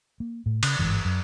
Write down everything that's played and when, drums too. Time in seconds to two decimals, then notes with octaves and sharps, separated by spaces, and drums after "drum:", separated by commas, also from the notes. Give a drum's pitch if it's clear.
0.20 A#3
0.46 A2
0.63 C#3, drum: cymbal
0.79 G1 C#2 G#2 E3
1.05 F#2